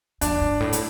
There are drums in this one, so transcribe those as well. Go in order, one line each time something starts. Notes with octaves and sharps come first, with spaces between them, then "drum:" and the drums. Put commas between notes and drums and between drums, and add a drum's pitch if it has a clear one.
F2 D4, drum: hi-hat
G2
A2
drum: hi-hat